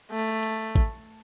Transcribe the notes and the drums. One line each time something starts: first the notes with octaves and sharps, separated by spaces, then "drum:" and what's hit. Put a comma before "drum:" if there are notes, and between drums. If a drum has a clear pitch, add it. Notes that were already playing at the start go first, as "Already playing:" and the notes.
A3
drum: hi-hat
drum: kick, hi-hat